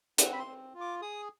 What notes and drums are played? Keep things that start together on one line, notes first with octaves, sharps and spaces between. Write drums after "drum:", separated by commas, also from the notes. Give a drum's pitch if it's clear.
C4 F#5, drum: hi-hat
B5
C6
C4
F4
D6
G#4 D#6